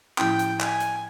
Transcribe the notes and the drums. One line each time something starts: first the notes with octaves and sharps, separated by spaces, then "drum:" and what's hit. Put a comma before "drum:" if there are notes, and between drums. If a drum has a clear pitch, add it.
A2 F3 A#3 C#4 E4 G5, drum: clap
drum: hi-hat
G#5, drum: clap
drum: hi-hat